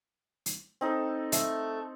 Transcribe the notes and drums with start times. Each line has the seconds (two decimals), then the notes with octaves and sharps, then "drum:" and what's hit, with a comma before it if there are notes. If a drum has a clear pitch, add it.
0.46 drum: hi-hat
0.81 C4 D#4 A4
1.32 A3, drum: hi-hat